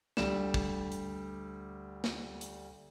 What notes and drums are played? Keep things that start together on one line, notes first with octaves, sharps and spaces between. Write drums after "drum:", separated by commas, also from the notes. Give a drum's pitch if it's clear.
D2 G3 E7, drum: snare
drum: kick
drum: hi-hat
drum: snare
drum: hi-hat